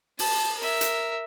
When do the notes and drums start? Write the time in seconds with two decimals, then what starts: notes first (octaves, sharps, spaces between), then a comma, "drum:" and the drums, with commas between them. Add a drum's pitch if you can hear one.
0.19 A5, drum: open hi-hat
0.58 A#4 E5
0.81 drum: hi-hat